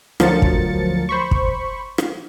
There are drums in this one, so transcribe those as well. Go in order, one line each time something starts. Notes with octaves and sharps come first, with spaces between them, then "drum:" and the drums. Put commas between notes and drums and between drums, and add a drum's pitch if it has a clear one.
D2 F3 F#3 A#4 A6 C#7, drum: rim click
drum: kick
C5 B5 C#6
drum: kick
drum: rim click